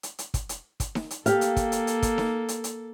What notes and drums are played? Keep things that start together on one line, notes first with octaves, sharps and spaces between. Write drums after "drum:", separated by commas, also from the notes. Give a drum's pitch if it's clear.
drum: hi-hat
drum: hi-hat
drum: kick, hi-hat
drum: hi-hat
drum: kick, hi-hat
drum: snare D#4
drum: hi-hat
A#3 G4 A4 F5, drum: hi-hat
drum: hi-hat
drum: kick, hi-hat
drum: hi-hat
drum: hi-hat
drum: kick, hi-hat
drum: snare D#4
drum: hi-hat
drum: hi-hat